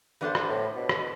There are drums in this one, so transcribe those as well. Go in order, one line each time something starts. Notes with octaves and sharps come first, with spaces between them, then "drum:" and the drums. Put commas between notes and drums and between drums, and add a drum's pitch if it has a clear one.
G2 E3 B3 D4 A4 C5
drum: rim click
A2
B2
drum: rim click